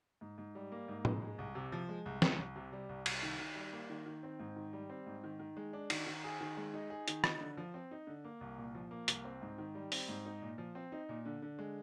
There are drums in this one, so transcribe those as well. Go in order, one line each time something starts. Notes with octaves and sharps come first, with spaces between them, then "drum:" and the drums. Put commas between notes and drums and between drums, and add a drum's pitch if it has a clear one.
G#2
G#2
G3
A#3
G#2
G#2, drum: tom
G#3
C2
C3
F3
G#3
C2
C2, drum: snare
C2
C3
G3
C2
C2, drum: cymbal
D#3
D#3
G3
A#3
D#3
D#3
C4
G#2
D#3
G3
C4
G#2
D#3
D#3
G#3
D4
D#3, drum: cymbal
D#3
G#4
D#3
G#3
D#4
G#4
D#3, drum: hi-hat
D#4, drum: rim click
D3
F3
C4
D#4
D3
A#3
C2
A#2
F3
A#3
C2, drum: hi-hat
C4
G#2
D#3
G3
C4, drum: open hi-hat
G#2
D#4
A#2
F3
C4
D#4
A#2
D3
D3
G#3